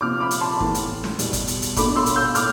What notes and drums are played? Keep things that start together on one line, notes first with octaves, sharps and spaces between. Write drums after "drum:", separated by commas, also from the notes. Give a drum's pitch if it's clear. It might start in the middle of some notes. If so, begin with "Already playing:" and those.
C3 F3 C4 D6 F6
B5 D6
drum: hi-hat
A5 C6
A2 E3 B3, drum: kick
drum: hi-hat
drum: snare
E2 B2 G3, drum: hi-hat
drum: kick, hi-hat
drum: hi-hat
drum: hi-hat
B2 A3 D4 B5 D6, drum: kick, hi-hat
C6 E6
drum: hi-hat
E6 G6
A2 D6 F6, drum: hi-hat